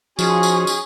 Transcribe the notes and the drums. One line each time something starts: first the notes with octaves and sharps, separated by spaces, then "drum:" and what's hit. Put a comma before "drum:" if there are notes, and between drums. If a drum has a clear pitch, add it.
F3 C#4 D#4 F4 F#4 G#4, drum: tambourine
drum: tambourine
drum: tambourine